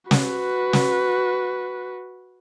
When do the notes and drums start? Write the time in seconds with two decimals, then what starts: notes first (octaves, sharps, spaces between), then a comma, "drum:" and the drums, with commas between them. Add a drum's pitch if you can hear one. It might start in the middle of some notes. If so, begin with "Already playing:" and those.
0.11 F#4 B4, drum: snare
0.73 drum: snare